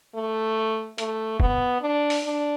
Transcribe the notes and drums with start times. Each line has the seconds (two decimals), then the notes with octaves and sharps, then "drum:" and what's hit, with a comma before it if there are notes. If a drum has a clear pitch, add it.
0.15 A3
0.98 A3, drum: hi-hat
1.40 B3, drum: kick
1.81 D4
2.10 drum: open hi-hat
2.24 D4